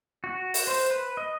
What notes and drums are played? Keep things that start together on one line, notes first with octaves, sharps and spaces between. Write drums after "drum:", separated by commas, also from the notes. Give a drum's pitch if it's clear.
F#4
drum: open hi-hat
C5
B4
D#5